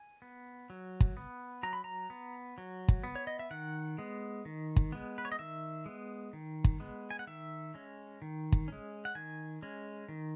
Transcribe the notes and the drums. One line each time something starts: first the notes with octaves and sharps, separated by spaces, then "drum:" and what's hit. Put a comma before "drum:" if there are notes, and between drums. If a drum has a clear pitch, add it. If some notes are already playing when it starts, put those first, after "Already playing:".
Already playing: G#5
B3
F#3
drum: kick
B3
F#3 A#5
B5
A#5
B3
F#3
drum: kick
B3
C#5
D#5
E5
D#3 F#5
G#3 B3
D#3
drum: kick
G#3 B3
B4
C#5
D#5
D#3 E5
G#3 B3
D#3
drum: kick
G#3 B3
G#5
F#5
D#3 E5
G#3 C#4
D#3
drum: kick
G#3 C#4
F#5
D#3 G#5
G#3 C#4
D#3